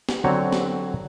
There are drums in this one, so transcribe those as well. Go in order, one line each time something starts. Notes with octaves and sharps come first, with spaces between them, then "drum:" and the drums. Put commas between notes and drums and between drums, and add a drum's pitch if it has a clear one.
drum: snare
D3 F#3 C4 F#4 C#5
drum: snare